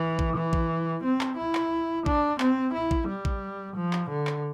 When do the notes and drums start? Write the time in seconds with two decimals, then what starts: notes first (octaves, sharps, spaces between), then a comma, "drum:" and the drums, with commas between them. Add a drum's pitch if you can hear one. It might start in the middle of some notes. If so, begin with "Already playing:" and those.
Already playing: E3
0.19 drum: kick A1
0.36 E3
0.53 drum: kick A1
1.04 C4
1.21 drum: clap
1.37 E4
1.55 drum: clap
2.06 D4, drum: kick A1
2.40 C4, drum: clap
2.74 E4
2.91 drum: kick A1
3.08 G3
3.25 drum: kick A1
3.76 F3
3.93 drum: clap
4.10 D3
4.27 drum: clap